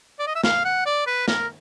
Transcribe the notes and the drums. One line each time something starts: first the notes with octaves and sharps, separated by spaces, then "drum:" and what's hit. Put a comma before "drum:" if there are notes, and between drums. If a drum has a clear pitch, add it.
D5
D#5
E5
F5, drum: snare
F#5
D5
B4
A#4, drum: snare